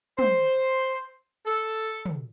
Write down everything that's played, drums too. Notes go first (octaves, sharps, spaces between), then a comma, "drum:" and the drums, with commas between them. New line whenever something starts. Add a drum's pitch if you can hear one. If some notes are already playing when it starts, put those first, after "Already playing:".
C5, drum: tom
A4
drum: tom